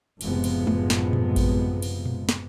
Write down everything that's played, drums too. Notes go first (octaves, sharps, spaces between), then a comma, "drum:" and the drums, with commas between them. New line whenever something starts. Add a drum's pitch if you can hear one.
F#1 A2 C3 F3 G#3 B3, drum: cymbal
drum: cymbal
drum: tom G#3
drum: snare
drum: tom A#2
drum: kick A1, cymbal
drum: cymbal
drum: tom A#2
drum: snare